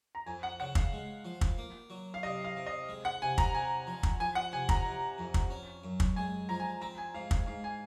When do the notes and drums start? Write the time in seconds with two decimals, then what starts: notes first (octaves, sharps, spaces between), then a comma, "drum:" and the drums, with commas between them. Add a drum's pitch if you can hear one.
0.15 A#5
0.26 F2 G#5
0.43 F#5
0.60 C#3 F#5
0.75 F5, drum: kick
0.92 G#3
1.25 F3
1.41 drum: kick
1.58 A#3
1.90 F#3
2.14 F5
2.23 C3 D#5
2.44 F5
2.57 C3
2.66 D#5
2.89 G#3
3.05 F#5
3.22 C3 G#5
3.38 A#5, drum: kick
3.55 C3 G#5
3.87 F3
4.03 drum: kick
4.20 F3 G#5
4.35 F#5
4.52 C3 G#5
4.69 A#5, drum: kick
4.85 C3
5.18 F2
5.34 drum: kick
5.50 C#4
5.84 F#2
6.00 drum: kick
6.16 G#3 G#5
6.49 F3 A#5
6.60 G#5
6.81 C4 A#5
6.98 G#5
7.14 G#2 F5
7.31 F5, drum: kick
7.46 G#2 F5
7.64 G#5